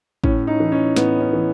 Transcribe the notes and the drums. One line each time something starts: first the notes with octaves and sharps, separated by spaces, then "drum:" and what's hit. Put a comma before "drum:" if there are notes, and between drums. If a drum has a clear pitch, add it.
A2 C#4, drum: kick
D#4
E3
C#4
A2 B3, drum: snare
C#4
E3